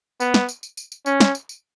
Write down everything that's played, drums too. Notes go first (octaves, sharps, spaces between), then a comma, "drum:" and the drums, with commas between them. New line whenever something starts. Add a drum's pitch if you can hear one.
B3, drum: tambourine
drum: snare
drum: tambourine
drum: tambourine
drum: tambourine
drum: tambourine
C#4, drum: tambourine
drum: snare
drum: tambourine
drum: tambourine